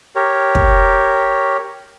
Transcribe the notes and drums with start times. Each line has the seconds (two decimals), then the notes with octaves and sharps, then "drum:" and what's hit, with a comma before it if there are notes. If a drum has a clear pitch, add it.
0.16 G4 A#4 C#5
0.55 drum: kick